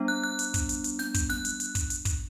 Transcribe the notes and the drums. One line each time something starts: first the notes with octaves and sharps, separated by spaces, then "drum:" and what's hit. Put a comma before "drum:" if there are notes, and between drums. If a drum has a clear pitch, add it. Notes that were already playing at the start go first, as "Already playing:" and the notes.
Already playing: G3 B3 D4
F#6
F#6
drum: hi-hat
drum: kick, hi-hat
drum: hi-hat
drum: hi-hat
G6, drum: snare
drum: kick, hi-hat
F#6, drum: snare
drum: hi-hat
drum: hi-hat
drum: kick, hi-hat
drum: hi-hat
drum: kick, hi-hat